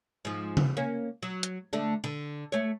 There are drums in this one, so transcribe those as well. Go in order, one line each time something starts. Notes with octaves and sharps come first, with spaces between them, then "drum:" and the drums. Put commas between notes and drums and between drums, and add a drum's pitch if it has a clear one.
G#2 F3
drum: tom C#3
A#3 C#4
F#3
drum: hi-hat
D3 A3 D4
D3
A3 C#5